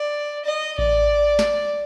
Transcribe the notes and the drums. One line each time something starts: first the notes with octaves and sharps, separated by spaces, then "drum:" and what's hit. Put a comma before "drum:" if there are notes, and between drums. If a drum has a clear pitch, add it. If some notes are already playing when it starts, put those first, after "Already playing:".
Already playing: D5
D#5
D5, drum: kick A1
drum: snare